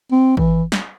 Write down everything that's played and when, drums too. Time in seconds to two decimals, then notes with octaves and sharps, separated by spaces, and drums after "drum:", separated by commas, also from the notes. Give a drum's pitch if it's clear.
0.12 C4
0.37 E3, drum: kick G#1
0.72 drum: snare